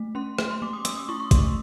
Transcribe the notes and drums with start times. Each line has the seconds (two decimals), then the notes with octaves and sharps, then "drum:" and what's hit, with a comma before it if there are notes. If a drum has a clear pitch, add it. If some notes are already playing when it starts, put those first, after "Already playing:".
Already playing: A3
0.15 C#4 C6
0.38 A3 C6, drum: rim click
0.51 C6
0.62 A3 D6
0.73 D#6
0.85 A3 E6, drum: hi-hat
0.97 D#6
1.09 E4 C#6
1.20 C#6
1.31 A3 C6, drum: kick G#1, hi-hat